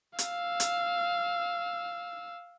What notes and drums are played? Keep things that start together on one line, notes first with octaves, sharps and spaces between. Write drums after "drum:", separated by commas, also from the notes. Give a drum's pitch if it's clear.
F5 E6, drum: hi-hat
drum: hi-hat